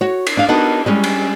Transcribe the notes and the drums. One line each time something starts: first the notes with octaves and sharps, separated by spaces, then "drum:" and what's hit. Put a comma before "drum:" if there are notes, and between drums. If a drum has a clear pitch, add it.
F#4 C#5
drum: cymbal
D4 F5
B3 D4 D#4 F#4 A#4 F#5
G3 G#3 C#4
drum: cymbal